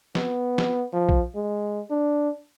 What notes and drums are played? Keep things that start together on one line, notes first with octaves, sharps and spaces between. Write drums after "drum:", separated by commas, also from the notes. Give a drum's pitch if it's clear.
B3, drum: snare
drum: snare
F3
drum: kick A#1
G#3
D4